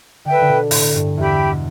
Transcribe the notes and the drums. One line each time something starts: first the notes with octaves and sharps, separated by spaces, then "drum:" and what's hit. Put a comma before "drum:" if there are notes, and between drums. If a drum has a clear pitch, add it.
D3 B4 E5 G5
D3
B2
A2, drum: open hi-hat
G2
E2 G4 E5 G5 B5
B2